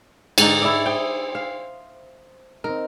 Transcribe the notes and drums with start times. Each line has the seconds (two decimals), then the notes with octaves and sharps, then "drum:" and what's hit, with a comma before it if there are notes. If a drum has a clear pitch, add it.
0.38 G#2 D3 D#4 A6 A#6, drum: cymbal
0.62 E4 D5 E5
0.86 C5 G5 C6 D#6
1.35 F5
2.64 C4 D#4 A#4